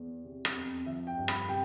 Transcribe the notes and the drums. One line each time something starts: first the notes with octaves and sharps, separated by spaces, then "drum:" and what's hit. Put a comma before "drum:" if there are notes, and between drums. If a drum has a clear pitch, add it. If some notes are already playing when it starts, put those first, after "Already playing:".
Already playing: E2
C3
drum: rim click
F2
F3 E5
G5
G2
B5, drum: rim click
C3 G5